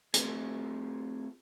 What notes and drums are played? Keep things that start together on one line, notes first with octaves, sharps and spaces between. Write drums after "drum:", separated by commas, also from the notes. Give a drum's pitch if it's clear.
A3 C4 F4 G#4, drum: hi-hat